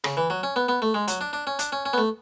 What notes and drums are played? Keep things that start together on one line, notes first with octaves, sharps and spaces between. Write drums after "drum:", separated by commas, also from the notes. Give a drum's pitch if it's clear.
C#3, drum: rim click
E3
F#3
C#4
B3
B3
A3
G#3
F#3, drum: hi-hat
D4
D4
C#4
D4, drum: hi-hat
C#4
C#4
B3
A3